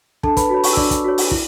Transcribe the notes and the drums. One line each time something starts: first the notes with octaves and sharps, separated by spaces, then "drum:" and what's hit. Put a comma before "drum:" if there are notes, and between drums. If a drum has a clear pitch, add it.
D4 A4 A5, drum: kick
B4 B5, drum: kick, hi-hat
F#4 C#5
B5
C#5 C#6, drum: open hi-hat
E6
D4 D5 D6, drum: kick
drum: kick, hi-hat
F#4 C#5
drum: open hi-hat
E4, drum: kick